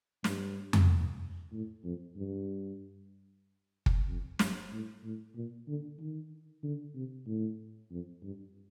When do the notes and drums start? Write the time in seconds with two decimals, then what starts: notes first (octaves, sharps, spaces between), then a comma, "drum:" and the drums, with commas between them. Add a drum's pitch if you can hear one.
0.24 G2, drum: snare
0.73 drum: tom F2
1.52 A2
1.84 F2
2.16 G2
3.86 drum: kick
4.07 F2
4.39 G2, drum: snare
4.72 A2
5.03 A2
5.35 A#2
5.67 D3
5.99 D#3
6.63 D3
6.95 C3
7.27 A2
7.91 F2
8.23 G2